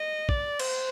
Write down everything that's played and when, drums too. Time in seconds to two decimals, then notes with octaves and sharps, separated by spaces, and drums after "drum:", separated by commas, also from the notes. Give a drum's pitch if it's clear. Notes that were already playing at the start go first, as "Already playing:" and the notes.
Already playing: D#5
0.29 D5, drum: kick
0.59 C5, drum: cymbal